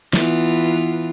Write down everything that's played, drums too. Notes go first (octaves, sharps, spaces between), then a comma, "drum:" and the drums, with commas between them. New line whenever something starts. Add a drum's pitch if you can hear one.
E3 B3 F4, drum: snare